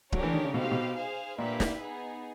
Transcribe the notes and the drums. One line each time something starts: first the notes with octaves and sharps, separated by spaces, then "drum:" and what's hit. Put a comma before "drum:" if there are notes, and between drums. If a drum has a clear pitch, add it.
F#3 A3 D4 G4 A#4 C#5, drum: kick
E3
D#3
C#3
B2 D#4 G4 C5 F5
C3
B2
G#4 C5 F5
A#2 A#3 D4 G4 B4 E5
drum: snare
B3 D#4 G#4